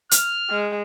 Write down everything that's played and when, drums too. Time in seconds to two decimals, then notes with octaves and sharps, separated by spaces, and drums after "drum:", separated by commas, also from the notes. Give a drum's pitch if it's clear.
0.11 F6, drum: hi-hat
0.50 G#3